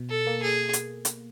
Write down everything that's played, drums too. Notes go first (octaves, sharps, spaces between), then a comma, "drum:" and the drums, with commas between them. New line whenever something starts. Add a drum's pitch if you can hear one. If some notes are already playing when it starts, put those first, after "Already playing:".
Already playing: B2
A4
A#3
G#4
drum: hi-hat
drum: hi-hat